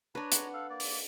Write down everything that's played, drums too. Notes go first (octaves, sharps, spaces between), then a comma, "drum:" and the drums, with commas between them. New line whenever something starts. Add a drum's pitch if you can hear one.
D4 B4 C#5 A#5
F#5, drum: hi-hat
A4 F5
A#3 D5
drum: open hi-hat